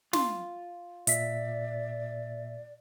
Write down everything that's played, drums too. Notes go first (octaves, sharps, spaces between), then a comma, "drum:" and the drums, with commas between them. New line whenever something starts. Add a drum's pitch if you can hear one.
F4, drum: snare
A#2 D5 E5 B6, drum: hi-hat